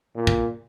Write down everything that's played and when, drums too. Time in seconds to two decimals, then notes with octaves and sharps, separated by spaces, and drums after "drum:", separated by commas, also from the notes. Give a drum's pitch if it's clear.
0.15 A#2
0.27 drum: kick